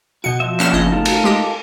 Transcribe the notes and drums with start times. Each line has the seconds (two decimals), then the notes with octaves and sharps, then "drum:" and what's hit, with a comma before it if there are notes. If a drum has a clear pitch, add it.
0.24 B2 F#4 F#5 C#7
0.40 F3 C5 E5
0.60 A#3 C#4 D4 F6 E7, drum: clap
0.73 G1 C#3 D#5
0.92 A3 D#4 F4 A4 A#4
1.05 drum: cymbal
1.24 G#3 G4 D#5